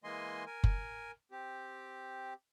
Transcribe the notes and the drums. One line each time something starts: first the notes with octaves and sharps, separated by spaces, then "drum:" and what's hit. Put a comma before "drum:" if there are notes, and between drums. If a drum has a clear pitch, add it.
E3 G#3 A#3 D#5 G#5 C6
A#4 G#5
drum: kick F#1
C4 G4